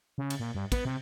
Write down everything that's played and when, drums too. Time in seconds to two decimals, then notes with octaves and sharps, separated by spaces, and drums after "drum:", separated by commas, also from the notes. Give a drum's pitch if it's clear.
0.18 C#3
0.30 drum: cymbal
0.40 A#2
0.55 G2
0.72 B3, drum: kick, cymbal
0.85 C3